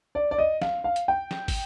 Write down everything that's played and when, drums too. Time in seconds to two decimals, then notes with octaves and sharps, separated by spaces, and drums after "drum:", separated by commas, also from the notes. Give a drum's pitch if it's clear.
0.15 D5
0.31 D5
0.38 D#5
0.62 F5, drum: snare
0.84 F5
0.96 drum: hi-hat
1.08 G5
1.31 drum: snare
1.48 drum: kick, open hi-hat